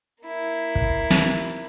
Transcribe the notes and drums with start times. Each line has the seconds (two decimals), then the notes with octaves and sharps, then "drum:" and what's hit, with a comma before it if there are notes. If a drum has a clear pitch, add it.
0.24 A#3 E4
0.75 drum: kick
1.10 drum: snare